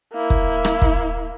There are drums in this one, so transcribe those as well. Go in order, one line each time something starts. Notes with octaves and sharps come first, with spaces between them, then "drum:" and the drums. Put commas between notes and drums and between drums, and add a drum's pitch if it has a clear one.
A#3 E4
drum: kick
drum: rim click
drum: kick